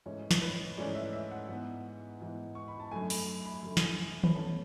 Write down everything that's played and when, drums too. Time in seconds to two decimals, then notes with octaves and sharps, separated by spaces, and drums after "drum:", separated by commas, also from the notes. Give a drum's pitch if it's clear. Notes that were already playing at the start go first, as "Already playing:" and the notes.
0.06 G#2 E3 A3 C#4 C#5
0.31 drum: snare
0.42 B4
0.77 G#2 E3 A3 C#4 D5
0.95 E5
1.13 E5
1.31 F#5
1.48 G#2 E3 B3 F#5
2.21 G#2 E3 B3
2.55 C#6
2.68 B5
2.80 A5
2.91 F#2 D3 A3 G#5
3.10 B5, drum: open hi-hat
3.45 B5
3.63 F#2 D3 A3 B5
3.77 drum: snare
4.23 B5, drum: tom D#3
4.35 B2 A3 C#4 A5